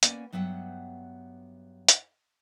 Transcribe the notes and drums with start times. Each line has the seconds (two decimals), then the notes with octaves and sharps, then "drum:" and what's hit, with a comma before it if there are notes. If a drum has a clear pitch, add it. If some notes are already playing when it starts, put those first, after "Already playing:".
0.03 A#3 B3 C#4 D5 G#5, drum: hi-hat
0.33 G2 F#3 B3 E5 F#5 G5
1.88 drum: hi-hat